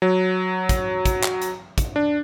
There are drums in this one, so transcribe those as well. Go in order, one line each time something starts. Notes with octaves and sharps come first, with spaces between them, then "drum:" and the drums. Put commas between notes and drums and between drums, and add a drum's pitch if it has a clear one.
F#3
drum: kick, hi-hat
drum: kick, hi-hat
drum: clap
drum: hi-hat
drum: kick, hi-hat
D4